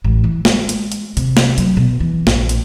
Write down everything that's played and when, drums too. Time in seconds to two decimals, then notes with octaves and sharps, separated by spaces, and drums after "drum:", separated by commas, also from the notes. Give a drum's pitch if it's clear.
0.04 A1
0.24 E3
0.45 G#3, drum: snare
0.69 drum: hi-hat
0.92 drum: hi-hat
1.17 C3, drum: hi-hat
1.37 drum: snare
1.58 F#3, drum: hi-hat
1.77 B2
2.00 E3
2.27 A#1, drum: snare
2.49 drum: hi-hat